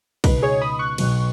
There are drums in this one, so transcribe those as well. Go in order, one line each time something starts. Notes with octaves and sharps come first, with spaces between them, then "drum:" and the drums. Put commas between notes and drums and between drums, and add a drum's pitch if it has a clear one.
C#2 B2 B3 D#4 B4, drum: kick, cymbal
G#4 C#5
B5 D#6
C#6 F#6
B1 B2 F#3 B3, drum: cymbal